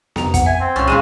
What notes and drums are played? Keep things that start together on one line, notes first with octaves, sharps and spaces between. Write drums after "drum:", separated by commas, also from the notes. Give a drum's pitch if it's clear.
F2 A#5 D#6, drum: snare B3
F#5, drum: kick, hi-hat
E5 G#5
C4
C2 A#2 C#4 A6
A#2 C#3 G#3 B5 D#7 E7